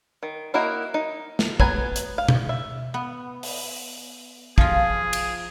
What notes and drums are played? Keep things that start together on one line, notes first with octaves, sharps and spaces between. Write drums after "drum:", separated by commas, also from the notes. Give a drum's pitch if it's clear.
D#3
A#3 E4 F#4 A#4 D#5
D#4
drum: snare
F#3 B3 G#5 A#5, drum: kick
drum: hi-hat
F5
drum: tom B2
E5
B3
drum: open hi-hat
F3 F4 G#4, drum: kick
drum: cymbal